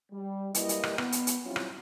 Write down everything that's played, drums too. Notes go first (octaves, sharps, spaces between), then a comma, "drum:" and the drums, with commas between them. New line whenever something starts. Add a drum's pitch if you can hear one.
G3
F#2 G3 A#3 E4 B4 D#5, drum: hi-hat
drum: hi-hat
drum: rim click
B3, drum: rim click
drum: hi-hat
drum: hi-hat
F#3 G3 C4 C#4 E4 F4
drum: rim click